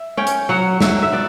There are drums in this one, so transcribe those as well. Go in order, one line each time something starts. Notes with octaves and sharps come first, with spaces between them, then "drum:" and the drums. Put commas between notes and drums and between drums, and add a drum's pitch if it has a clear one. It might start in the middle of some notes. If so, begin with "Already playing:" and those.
Already playing: E5
C#4 G5
drum: hi-hat
F#3 F#5
F#3 E5, drum: snare
E5
B3 D5